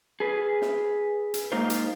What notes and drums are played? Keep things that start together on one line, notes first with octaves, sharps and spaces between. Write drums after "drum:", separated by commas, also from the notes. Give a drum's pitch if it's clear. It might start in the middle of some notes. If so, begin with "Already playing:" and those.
G#4 B4
drum: snare
drum: hi-hat
G#3 A#3 D#4 F4 A#4 C5
drum: hi-hat